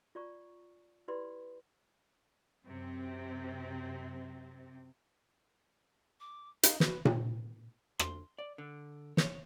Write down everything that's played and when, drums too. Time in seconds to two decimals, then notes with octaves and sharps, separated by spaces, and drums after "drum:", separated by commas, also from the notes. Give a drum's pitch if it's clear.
0.15 F4 D5 A#5 C#6
1.08 E4 G4 B4 D5 B5 C6
2.65 F#2 C3 C4
6.20 D6
6.63 D#4 F5, drum: hi-hat
6.80 F#4 B4, drum: snare
7.05 drum: tom A#2
7.99 C6, drum: rim click
8.38 D5
8.58 D3
9.17 C#5, drum: snare